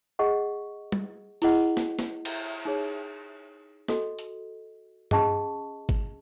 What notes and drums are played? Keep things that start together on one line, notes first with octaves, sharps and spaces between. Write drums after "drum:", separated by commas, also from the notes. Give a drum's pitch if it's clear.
G#4 D#5 F#5 C#6
drum: tom
E4 G#4 D#5 F#5, drum: open hi-hat
drum: snare
drum: snare
drum: cymbal
D#4 G#4 C#5
F#4 A4 D#5, drum: snare
drum: hi-hat
C#4 G#4 D#5 A5 C#6, drum: tom G2
drum: kick